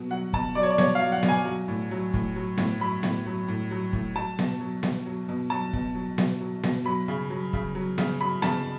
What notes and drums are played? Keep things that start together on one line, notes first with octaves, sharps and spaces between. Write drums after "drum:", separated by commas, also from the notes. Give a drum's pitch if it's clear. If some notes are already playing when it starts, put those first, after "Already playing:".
Already playing: B2 F#3
F#3 F#5
B2 A5, drum: kick
F#3 D5
C#5
D5
B2 C#5, drum: snare B3
F5
F#3
F#5
B2, drum: snare B3
G#5
F#3
A2
F#3
A2, drum: kick
F#3
A2, drum: snare B3
F#3 B5
A2, drum: snare B3
F#3
A2
F#3
A2, drum: kick
F#3 A5
B2, drum: snare B3
F#3
B2, drum: snare B3
F#3
B2
F#3 A5
B2, drum: kick
F#3
B2, drum: snare B3
F#3
B2, drum: snare B3
F#3 B5
C#3
F#3
C#3, drum: kick
F#3
C#3, drum: snare B3
F#3 B5
C#3 A5, drum: snare B3